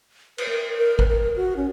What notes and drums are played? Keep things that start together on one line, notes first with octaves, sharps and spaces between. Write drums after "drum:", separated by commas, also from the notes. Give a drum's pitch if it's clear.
B4, drum: cymbal
A#4
A#4
B4, drum: kick G#1
A#4
F#4
C#4